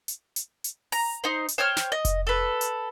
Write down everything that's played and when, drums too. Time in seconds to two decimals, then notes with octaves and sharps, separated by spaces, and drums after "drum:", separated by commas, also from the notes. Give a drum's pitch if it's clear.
0.08 drum: hi-hat
0.36 drum: hi-hat
0.64 drum: hi-hat
0.92 A#5, drum: open hi-hat
1.24 D#4 C5
1.48 drum: hi-hat
1.58 C5 C#5 G5 F6
1.77 drum: snare
1.92 D#5
2.05 drum: kick F1, hi-hat
2.27 A4 B4
2.61 drum: hi-hat